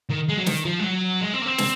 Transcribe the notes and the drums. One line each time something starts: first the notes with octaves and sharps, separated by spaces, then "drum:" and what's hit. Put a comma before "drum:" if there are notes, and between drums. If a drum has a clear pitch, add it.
D#3
G#3
F#3
D#3, drum: snare
F3
G#3
F#3
G#3
C4
A#3
C4
drum: snare